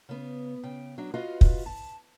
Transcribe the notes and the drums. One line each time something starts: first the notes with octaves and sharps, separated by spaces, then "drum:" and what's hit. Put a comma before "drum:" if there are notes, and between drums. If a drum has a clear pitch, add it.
C#3 B3
C#3 G5
F#3 D4
F4 F#4 B4 D#5 F5
drum: kick
A5